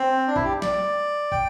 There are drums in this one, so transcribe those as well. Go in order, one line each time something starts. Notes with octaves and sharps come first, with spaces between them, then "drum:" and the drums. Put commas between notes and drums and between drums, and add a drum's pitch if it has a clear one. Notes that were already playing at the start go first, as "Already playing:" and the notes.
Already playing: C4
D4
E4, drum: kick
G4
D5, drum: snare
G5, drum: kick